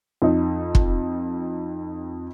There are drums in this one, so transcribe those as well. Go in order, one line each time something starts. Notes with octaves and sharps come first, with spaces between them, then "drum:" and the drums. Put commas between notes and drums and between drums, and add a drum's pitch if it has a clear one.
F2 D#4
drum: kick